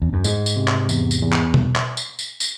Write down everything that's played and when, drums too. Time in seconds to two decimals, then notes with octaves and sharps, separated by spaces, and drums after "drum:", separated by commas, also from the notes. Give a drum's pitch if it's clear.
0.02 E2
0.13 F#2
0.24 G#2 G#3, drum: tambourine
0.46 drum: tambourine
0.56 C3
0.68 drum: clap
0.89 E2, drum: tambourine
1.11 drum: tambourine
1.21 E2
1.32 drum: clap
1.54 drum: tom B2
1.76 drum: clap
1.97 drum: tambourine
2.19 drum: tambourine
2.40 drum: tambourine